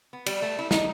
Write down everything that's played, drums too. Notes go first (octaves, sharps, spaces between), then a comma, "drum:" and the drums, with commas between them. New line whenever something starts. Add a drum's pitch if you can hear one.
B3
G3, drum: cymbal
A3
E4
D#4, drum: snare